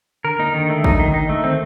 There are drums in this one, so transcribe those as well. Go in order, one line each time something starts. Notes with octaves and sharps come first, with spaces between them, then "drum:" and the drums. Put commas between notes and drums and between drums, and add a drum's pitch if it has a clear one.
D3 A#4
A#3 D#4
D3 D#3
A3
D#4, drum: kick
D#3
D#4
A3
D#3 C4